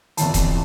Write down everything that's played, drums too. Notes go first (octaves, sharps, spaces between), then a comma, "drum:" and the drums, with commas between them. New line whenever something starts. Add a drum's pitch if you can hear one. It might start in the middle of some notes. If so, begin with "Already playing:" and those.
F1 E2 E3 A5, drum: hi-hat
drum: kick D#1, hi-hat